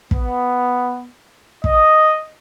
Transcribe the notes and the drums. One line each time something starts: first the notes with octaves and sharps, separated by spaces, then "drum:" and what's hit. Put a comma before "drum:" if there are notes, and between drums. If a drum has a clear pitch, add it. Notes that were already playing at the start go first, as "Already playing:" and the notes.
B3, drum: kick
D#5, drum: kick